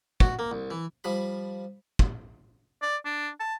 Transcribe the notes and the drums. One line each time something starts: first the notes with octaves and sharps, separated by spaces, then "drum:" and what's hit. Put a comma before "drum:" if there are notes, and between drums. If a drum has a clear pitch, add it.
F#4, drum: kick
A#3
C2
E3
F3 G3 B5
drum: kick
D5
D4
A5